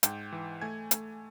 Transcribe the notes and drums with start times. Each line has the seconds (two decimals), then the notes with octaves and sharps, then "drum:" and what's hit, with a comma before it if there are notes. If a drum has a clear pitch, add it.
0.03 G#2 G5 G6, drum: hi-hat
0.32 E3
0.61 A3 G#5 G#6
0.91 A3, drum: hi-hat